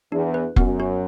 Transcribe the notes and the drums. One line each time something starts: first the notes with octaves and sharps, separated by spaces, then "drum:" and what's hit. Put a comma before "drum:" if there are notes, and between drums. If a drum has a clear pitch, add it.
E2 D4
B4
F#2 B3, drum: kick F1
F#4